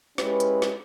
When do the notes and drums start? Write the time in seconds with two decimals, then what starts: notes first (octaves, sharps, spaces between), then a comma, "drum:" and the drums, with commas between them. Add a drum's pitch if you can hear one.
0.18 G#3 C#4 E4 G4 B4, drum: snare
0.40 drum: hi-hat
0.62 drum: snare